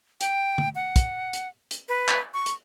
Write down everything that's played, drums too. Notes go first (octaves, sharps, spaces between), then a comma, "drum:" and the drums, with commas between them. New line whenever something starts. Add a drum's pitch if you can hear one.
G5, drum: hi-hat
drum: tom
F#5
drum: kick, hi-hat
drum: hi-hat
drum: hi-hat
B4
drum: clap
C#6
drum: hi-hat